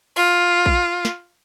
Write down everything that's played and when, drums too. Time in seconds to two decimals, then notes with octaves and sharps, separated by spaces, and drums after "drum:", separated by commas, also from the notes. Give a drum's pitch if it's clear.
0.16 F4, drum: open hi-hat
0.66 drum: kick
1.05 drum: snare